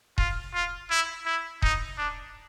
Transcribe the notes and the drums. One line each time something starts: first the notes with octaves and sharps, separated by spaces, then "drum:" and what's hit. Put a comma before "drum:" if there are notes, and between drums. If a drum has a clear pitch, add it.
F4, drum: kick D#1
F4
E4
E4
D#4, drum: kick D#1
D4